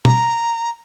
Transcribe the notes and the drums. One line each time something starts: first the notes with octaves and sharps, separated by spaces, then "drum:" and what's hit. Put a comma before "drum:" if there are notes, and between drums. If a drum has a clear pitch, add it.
A#5, drum: tom